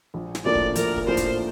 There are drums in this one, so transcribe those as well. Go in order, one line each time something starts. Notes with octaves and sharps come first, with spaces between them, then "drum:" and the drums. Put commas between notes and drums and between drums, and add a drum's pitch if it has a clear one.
A#1
drum: snare
A2 F3 A#3 D4 D5
drum: kick
A#1 A#4, drum: hi-hat
drum: kick
A2 F3 A#3 D4 C5
drum: kick, hi-hat